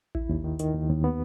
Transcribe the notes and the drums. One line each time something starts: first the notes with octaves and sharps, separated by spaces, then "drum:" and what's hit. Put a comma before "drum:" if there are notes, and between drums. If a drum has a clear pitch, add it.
D#2 E4, drum: kick A1
D#2
D#3
D#3, drum: hi-hat
D#2
D#2
B3